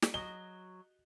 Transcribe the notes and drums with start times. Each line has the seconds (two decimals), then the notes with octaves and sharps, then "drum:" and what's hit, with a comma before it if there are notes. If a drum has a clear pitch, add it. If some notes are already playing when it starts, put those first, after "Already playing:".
0.03 drum: snare
0.14 F#3 D#5 G7